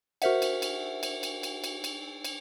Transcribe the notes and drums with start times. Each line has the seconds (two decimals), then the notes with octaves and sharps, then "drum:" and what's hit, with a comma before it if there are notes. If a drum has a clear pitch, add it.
0.22 F#4 A#4 C5 E5 F#5, drum: cymbal
0.42 drum: cymbal
0.62 drum: cymbal
1.03 drum: cymbal
1.23 drum: cymbal
1.43 drum: cymbal
1.64 drum: cymbal
1.84 drum: cymbal
2.24 drum: cymbal